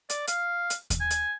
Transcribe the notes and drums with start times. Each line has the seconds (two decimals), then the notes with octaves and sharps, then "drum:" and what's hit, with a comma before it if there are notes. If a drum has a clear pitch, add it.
0.10 D5, drum: hi-hat
0.27 F5, drum: hi-hat
0.70 drum: hi-hat
0.90 drum: kick D#2, hi-hat
1.00 G#5
1.10 drum: hi-hat